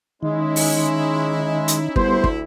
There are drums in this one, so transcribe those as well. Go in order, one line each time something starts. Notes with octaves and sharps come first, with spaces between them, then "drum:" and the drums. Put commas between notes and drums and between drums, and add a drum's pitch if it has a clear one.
D#3 G#3 C#4 D#4 E4
drum: open hi-hat
drum: hi-hat
D2 G3 B3 E4 C5, drum: kick
drum: kick